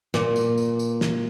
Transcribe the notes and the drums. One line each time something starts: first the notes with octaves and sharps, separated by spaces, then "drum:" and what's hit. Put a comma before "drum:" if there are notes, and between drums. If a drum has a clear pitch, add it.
A#2, drum: snare
drum: tambourine
drum: tambourine
drum: tambourine
drum: snare